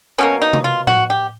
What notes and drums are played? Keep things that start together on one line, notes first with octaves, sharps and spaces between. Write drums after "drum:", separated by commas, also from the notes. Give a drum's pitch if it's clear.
B2 F#3 A#3 C#4
D#4
drum: tom C3
F4
F#4, drum: tom A2
G4